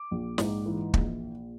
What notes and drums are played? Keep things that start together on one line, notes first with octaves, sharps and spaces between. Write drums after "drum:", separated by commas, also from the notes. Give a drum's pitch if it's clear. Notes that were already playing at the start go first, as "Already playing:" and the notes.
Already playing: D6
A#1
G#2, drum: snare
E3
A#1, drum: kick